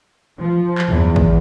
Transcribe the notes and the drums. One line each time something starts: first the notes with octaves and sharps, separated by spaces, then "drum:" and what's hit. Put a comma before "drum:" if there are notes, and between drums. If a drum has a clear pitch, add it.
F3
drum: clap
E2
drum: kick